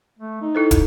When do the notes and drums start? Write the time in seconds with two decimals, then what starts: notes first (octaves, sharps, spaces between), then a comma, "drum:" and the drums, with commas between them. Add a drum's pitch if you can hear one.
0.19 A3
0.42 D#4
0.55 E4 A4 C5
0.71 drum: kick, hi-hat